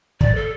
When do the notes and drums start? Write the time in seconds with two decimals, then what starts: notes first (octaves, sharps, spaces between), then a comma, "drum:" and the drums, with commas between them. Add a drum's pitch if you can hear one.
0.21 D5, drum: kick
0.35 A4